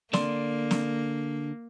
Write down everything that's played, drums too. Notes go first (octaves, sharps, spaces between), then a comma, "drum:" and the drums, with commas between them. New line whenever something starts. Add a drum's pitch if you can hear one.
D3 A#3 D5 C6, drum: snare
drum: snare